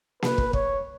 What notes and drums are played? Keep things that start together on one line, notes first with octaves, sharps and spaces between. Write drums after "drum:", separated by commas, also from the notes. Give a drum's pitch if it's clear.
B4, drum: snare A#3
drum: kick
C#5, drum: kick